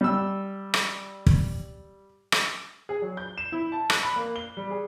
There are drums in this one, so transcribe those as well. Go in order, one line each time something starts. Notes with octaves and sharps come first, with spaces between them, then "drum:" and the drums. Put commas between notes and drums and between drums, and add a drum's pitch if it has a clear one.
G3 E6
drum: rim click
drum: kick
drum: rim click
G#4
F#3
G6
E7
E4
A5
F#6, drum: rim click
B5
A#3
G7
G3
G#4